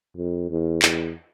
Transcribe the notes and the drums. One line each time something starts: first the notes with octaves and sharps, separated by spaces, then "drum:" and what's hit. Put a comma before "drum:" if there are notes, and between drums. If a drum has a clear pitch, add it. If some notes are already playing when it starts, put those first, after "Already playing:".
F2
E2
E2, drum: clap